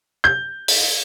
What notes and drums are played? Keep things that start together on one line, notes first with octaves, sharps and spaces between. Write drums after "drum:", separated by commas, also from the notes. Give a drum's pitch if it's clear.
G6
drum: open hi-hat